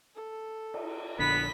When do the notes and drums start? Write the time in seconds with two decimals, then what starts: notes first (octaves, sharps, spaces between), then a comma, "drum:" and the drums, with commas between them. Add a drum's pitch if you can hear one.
0.15 A4
0.74 drum: cymbal
1.19 A#1 D3 B3 B5 B6